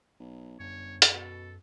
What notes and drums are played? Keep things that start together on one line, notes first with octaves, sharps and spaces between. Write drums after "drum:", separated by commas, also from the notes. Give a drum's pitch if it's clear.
B1
G1 F#2 C#5
drum: hi-hat
B2 A4